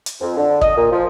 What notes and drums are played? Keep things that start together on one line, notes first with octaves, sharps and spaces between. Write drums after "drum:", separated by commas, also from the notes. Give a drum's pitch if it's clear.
drum: hi-hat
F2
D3
D#5, drum: kick
A#2
F3